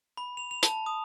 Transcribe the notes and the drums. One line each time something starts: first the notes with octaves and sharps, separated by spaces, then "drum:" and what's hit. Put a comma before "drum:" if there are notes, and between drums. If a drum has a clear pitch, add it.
B5
F7
F7
A5, drum: hi-hat
D#6